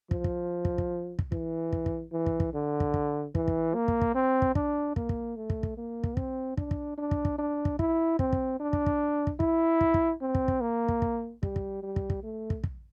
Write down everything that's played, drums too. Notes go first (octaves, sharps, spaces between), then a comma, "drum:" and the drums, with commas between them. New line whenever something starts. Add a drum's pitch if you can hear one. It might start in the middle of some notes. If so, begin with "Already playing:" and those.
F3, drum: kick
drum: kick
drum: kick
drum: kick
drum: kick
E3, drum: kick
drum: kick
drum: kick
E3
drum: kick
drum: kick
D3
drum: kick
drum: kick
E3, drum: kick
drum: kick
A#3
drum: kick
drum: kick
C4
drum: kick
D4, drum: kick
A#3, drum: kick
drum: kick
A3
drum: kick
drum: kick
A#3
drum: kick
C4, drum: kick
D4, drum: kick
drum: kick
D4
drum: kick
drum: kick
D4
drum: kick
E4, drum: kick
C4, drum: kick
drum: kick
D4
drum: kick
drum: kick
drum: kick
E4, drum: kick
drum: kick
drum: kick
C4
drum: kick
drum: kick
A#3
drum: kick
drum: kick
G3, drum: kick
drum: kick
G3
drum: kick
drum: kick
A3
drum: kick
drum: kick